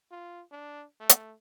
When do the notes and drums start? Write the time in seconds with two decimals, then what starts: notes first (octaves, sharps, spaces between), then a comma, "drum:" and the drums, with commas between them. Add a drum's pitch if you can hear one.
0.11 F4
0.52 D4
1.00 A3
1.09 drum: hi-hat